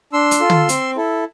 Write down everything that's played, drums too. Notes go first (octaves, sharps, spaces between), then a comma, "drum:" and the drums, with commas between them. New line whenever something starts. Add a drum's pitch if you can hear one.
D4 C6 E6
drum: hi-hat
F4 A4
drum: tom
C4, drum: hi-hat
E4 A4